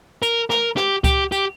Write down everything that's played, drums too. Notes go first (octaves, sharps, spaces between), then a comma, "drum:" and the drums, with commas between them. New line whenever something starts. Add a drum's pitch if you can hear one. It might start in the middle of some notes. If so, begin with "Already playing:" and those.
A#4, drum: hi-hat
A#4, drum: rim click
G4, drum: rim click
G4, drum: kick C#2, hi-hat
G4, drum: hi-hat